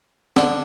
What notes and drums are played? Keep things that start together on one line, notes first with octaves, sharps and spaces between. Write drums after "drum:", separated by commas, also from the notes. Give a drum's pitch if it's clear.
D3, drum: snare